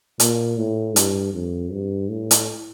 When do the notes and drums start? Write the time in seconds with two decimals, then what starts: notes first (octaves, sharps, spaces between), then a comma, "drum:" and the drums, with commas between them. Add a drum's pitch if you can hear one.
0.20 A#2, drum: hi-hat
0.57 A2
0.96 G2, drum: hi-hat
1.34 F2
1.72 G2
2.10 A2
2.31 drum: hi-hat